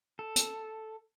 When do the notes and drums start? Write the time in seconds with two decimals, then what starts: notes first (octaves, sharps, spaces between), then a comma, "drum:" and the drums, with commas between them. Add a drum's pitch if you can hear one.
0.19 A4
0.36 drum: hi-hat